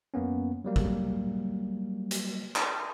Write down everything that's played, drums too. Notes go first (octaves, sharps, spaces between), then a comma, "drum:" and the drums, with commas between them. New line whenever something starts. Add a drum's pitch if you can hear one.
F#2 A#3 B3 C#4
F#3 G3 A#3
drum: kick A1
drum: hi-hat
drum: clap